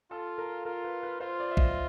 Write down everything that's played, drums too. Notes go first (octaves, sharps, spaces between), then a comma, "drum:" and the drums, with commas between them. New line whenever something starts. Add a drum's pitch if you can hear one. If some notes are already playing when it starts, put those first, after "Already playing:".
F4 A4
A#4
F4 A#4
B4
B4
F4 C5
D5
E5
D#5, drum: kick